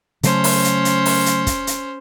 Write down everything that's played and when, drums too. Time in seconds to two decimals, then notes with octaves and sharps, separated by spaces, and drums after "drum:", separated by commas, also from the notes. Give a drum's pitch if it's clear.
0.23 C#3 F#3 A3 C#4 C5, drum: hi-hat
0.44 drum: open hi-hat
0.64 drum: hi-hat
0.85 drum: hi-hat
1.05 drum: open hi-hat
1.26 drum: hi-hat
1.47 drum: kick, hi-hat
1.67 drum: hi-hat